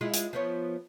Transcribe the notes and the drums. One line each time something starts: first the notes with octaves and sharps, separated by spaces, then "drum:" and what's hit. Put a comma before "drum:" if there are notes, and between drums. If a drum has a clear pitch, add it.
G#3 E4 F4
drum: hi-hat
F3 B3 C#5